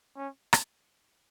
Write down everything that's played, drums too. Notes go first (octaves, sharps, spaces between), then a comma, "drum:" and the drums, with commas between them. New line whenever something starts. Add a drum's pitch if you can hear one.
C#4
drum: rim click